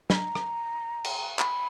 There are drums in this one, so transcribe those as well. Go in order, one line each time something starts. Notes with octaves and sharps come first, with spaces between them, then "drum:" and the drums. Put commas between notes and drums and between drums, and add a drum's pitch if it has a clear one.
B5, drum: snare
A#5
drum: rim click
drum: cymbal
B5, drum: clap